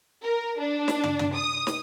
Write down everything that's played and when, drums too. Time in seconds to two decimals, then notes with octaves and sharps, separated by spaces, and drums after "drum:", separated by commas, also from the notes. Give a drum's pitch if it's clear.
0.23 A#4
0.60 D4
0.88 drum: snare
1.04 drum: tom
1.19 drum: tom
1.35 D#6
1.67 drum: snare